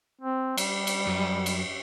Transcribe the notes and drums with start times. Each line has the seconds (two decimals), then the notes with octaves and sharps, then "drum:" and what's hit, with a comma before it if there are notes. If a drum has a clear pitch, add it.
0.22 C4
0.57 G3, drum: cymbal
0.87 drum: cymbal
1.07 F#2
1.46 drum: cymbal